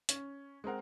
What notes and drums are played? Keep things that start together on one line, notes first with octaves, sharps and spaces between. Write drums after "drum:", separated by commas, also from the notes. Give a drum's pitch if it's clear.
C#4, drum: hi-hat
G#3 C4 A#4 F#5